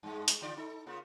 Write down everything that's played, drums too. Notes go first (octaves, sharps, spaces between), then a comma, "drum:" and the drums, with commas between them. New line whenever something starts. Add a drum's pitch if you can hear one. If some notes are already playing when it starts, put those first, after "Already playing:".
G2 G#3
drum: hi-hat
D3 F4 D5
D#4 A4
C#3 A#3 F4